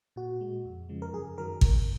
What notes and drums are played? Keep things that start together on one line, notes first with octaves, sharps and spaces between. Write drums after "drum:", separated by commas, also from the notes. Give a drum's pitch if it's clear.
A#2 F#4
G#3
F2
C#3 F3 G#3
A#4
F#2 G#4
D#3 F#3 A#4
F#2, drum: kick G#1